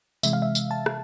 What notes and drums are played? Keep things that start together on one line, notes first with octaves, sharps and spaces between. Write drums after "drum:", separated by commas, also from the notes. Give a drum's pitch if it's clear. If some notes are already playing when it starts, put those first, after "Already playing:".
C3 E3 G#3 E5, drum: tambourine
F5
E5
drum: tambourine
A5
drum: rim click